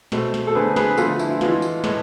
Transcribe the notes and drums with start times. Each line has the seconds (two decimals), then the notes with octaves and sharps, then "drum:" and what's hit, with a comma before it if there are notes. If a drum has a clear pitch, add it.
0.12 B2 A3 C4, drum: snare
0.34 drum: snare
0.47 A4
0.55 D3 A3 C4 G#4 B4
0.76 G#4 B4, drum: snare
0.97 D3 F3 A3 F4 A4, drum: tambourine
1.19 E4, drum: tambourine
1.30 F4
1.41 E3 G#3 B3 F4, drum: snare
1.62 drum: tambourine
1.84 A2 G#3 B3, drum: snare